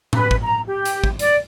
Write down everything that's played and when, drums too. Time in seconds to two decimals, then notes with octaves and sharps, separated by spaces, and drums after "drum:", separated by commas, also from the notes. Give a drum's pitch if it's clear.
0.13 B4, drum: tom A2
0.31 drum: kick
0.44 A#5
0.67 G4
0.85 drum: hi-hat
1.04 drum: kick
1.19 D5, drum: hi-hat